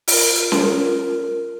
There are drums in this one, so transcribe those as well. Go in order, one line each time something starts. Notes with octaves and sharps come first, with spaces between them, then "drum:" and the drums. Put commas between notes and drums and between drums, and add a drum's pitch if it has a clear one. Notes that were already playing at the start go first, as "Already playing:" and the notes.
F4 A#4, drum: open hi-hat
drum: snare C#4